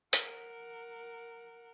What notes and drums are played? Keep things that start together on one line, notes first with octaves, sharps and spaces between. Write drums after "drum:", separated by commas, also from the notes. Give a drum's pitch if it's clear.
A#4 F#5, drum: hi-hat